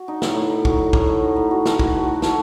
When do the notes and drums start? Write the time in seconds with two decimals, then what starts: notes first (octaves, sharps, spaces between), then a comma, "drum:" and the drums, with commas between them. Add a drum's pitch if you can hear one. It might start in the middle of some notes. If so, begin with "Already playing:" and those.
Already playing: F#4
0.08 D#4
0.22 A2, drum: snare
0.36 A2
0.50 D#4
0.65 F#4, drum: kick
0.79 D#4
0.93 A2, drum: kick
1.08 D#4
1.22 D#4
1.36 A2
1.51 F#4
1.66 A3, drum: snare
1.79 F#4, drum: kick
1.94 F#4
2.08 F#4
2.22 A4, drum: snare